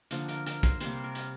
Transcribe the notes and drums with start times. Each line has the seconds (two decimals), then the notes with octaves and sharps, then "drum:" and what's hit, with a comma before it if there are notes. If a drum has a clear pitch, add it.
0.11 D3 F3 A#3, drum: hi-hat
0.28 A#4, drum: hi-hat
0.46 A#4, drum: hi-hat
0.63 C5, drum: kick, hi-hat
0.80 C3 G3 A#3 C5, drum: hi-hat
1.04 A#4
1.15 drum: hi-hat